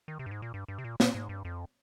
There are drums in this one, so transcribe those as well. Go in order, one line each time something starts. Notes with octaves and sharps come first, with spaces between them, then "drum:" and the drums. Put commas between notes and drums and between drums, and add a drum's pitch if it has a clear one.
D#3
C3
G2
G#2
A#2
G2
G2
C3
A#2
A#2, drum: snare
G#2
G2
F2